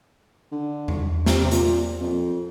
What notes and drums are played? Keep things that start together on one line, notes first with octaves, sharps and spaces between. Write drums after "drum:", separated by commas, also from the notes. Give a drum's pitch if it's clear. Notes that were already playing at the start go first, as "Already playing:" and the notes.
D3
drum: tom E2
C3, drum: snare
C3
A#2, drum: hi-hat
F2